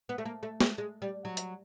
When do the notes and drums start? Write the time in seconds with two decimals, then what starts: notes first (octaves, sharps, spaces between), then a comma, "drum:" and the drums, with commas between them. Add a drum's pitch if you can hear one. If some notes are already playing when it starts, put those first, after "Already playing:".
0.09 B3
0.18 A3
0.25 A#3
0.43 A3
0.61 G#3, drum: snare
0.78 G#3
1.02 G3
1.25 F#3
1.37 drum: hi-hat